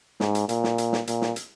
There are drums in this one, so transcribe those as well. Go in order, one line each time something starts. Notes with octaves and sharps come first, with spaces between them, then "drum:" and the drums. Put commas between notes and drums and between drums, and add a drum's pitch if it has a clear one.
G#2, drum: snare
drum: hi-hat
A#2, drum: hi-hat
drum: snare
drum: hi-hat
drum: snare
A#2, drum: hi-hat
drum: snare
drum: hi-hat